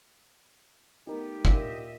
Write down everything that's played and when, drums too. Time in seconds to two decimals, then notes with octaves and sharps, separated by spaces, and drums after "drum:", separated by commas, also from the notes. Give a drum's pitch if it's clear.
1.07 A3 B3 D#4 G4 A#4
1.45 A#2 D#5 E5, drum: kick